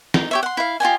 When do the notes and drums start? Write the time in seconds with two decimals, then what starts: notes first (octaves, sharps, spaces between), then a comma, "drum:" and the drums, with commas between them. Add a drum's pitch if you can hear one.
0.14 D#4, drum: snare
0.31 G4 C#5 E5
0.43 F#5 C6
0.57 E4 F5
0.80 F4 G4 D#5 G#5